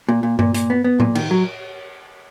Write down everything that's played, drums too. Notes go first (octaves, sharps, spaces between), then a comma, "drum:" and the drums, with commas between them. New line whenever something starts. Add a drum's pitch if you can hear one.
A#2
A#2
A#2, drum: tom G2
A#2, drum: hi-hat
B3
B3
A#2, drum: tom A2
D#3, drum: cymbal
F#3